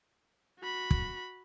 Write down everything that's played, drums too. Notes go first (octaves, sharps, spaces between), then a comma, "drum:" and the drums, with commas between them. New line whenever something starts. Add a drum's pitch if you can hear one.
F#4 B5
drum: kick